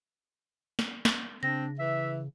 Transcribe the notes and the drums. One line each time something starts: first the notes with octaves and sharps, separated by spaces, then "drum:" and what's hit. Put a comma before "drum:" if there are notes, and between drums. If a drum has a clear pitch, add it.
drum: snare
drum: snare
C#3 C4 D4 A#6
E3 E5